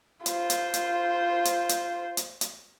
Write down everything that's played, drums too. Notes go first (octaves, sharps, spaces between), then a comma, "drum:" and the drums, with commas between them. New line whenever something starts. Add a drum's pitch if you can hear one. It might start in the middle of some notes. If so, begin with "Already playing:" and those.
F4 C5, drum: hi-hat
drum: hi-hat
drum: hi-hat
drum: hi-hat
drum: hi-hat
drum: hi-hat
drum: hi-hat